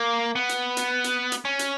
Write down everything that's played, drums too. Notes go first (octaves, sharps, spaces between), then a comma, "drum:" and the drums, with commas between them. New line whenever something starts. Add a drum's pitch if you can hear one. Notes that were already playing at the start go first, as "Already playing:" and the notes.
Already playing: A#3
B3
drum: hi-hat
drum: hi-hat
drum: hi-hat
drum: hi-hat
C#4
drum: hi-hat